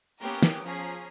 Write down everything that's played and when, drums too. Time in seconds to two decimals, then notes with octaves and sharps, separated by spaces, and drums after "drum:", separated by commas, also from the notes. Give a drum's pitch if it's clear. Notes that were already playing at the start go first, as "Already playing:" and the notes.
0.21 A#3 B3 C#4 G4 A#4
0.43 drum: snare
0.62 F3 C#4 G#4 A#5